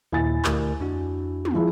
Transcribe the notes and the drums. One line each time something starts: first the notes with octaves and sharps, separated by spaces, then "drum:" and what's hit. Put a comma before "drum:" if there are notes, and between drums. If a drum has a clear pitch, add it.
D#2 A#2 E4 G#5 A6
D2 G4 A#4, drum: clap
F2 D4 F#4
drum: tom
F3 E4 G#4